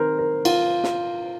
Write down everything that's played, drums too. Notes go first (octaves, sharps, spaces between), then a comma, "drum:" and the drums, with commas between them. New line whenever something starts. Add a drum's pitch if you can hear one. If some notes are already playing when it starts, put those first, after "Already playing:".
Already playing: D#3 C4 A#4 C5
A#4
F4, drum: cymbal
drum: snare